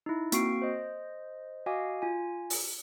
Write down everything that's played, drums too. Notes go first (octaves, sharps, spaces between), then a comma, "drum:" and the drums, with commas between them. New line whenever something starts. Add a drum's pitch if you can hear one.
D#4 E4
A#3 C4 F#4 C#6 C7 D7, drum: hi-hat
C5 D#5
F#4 D#5 F5 G#5 D6
F4 G#5
drum: open hi-hat